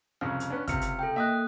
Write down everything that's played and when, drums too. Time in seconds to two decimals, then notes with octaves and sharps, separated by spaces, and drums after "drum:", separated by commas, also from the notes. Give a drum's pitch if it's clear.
0.21 C2 F2 C#3 F6
0.40 drum: hi-hat
0.50 B3 C#4 D4
0.68 C#2 C3 F6 C#7, drum: kick, hi-hat
0.81 drum: hi-hat
0.99 A4 G5
1.16 A#3 D#5 E5 D#6 F#6